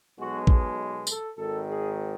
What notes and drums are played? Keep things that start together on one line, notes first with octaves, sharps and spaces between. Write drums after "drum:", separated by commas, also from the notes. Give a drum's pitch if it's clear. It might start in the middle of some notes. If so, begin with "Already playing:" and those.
B1 B2 G#3 F#4
G#4, drum: kick
A4, drum: tambourine
G#1 G#2 D#3 A4
G#4